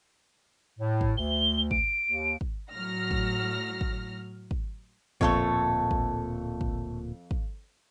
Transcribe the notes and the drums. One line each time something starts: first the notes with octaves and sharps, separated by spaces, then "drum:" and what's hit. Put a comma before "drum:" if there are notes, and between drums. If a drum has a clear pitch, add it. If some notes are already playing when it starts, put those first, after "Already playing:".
A2
drum: kick
D2 G7
D7, drum: kick
D#2
drum: kick
A2 F#3 F6 A#6
drum: kick
drum: kick
drum: kick
D1 F2 A#2 A3 A4 C#5, drum: kick
drum: kick
drum: kick
drum: kick